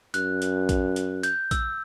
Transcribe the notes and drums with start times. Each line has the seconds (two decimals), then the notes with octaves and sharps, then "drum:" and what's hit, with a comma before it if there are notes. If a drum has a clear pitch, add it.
0.14 F#2 F#6, drum: hi-hat
0.42 drum: hi-hat
0.69 drum: kick A#1, hi-hat
0.96 drum: hi-hat
1.23 G6, drum: hi-hat
1.51 E6, drum: kick A#1, hi-hat